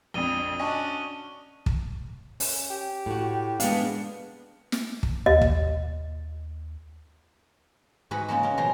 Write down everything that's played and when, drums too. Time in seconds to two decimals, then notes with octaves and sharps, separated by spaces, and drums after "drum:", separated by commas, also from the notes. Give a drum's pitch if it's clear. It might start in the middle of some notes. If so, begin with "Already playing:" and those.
0.14 A#1 F2 D#6 D#7 G7
0.59 C#4 D4 F#4 D#5 G#5 C#6
1.66 drum: kick
2.40 C#4, drum: open hi-hat
2.70 G4
3.06 A2 F#4
3.60 G#3 B3 D4 F5, drum: hi-hat
4.72 drum: snare
5.03 drum: kick
5.26 D#2 D#5
5.41 drum: kick
8.11 G#2 D#4 F#4 G#4 B4 B5
8.28 C#3 G#3 A#3 F#4
8.43 C#4 A#4
8.57 B2 D#3 F3 A#5 C6